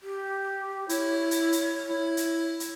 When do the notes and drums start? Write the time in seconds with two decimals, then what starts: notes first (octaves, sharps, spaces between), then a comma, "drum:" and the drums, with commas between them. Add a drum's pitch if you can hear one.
0.02 G4
0.89 E4 C#5, drum: hi-hat
1.31 drum: hi-hat
1.52 drum: hi-hat
1.89 E4
2.17 drum: hi-hat
2.60 drum: hi-hat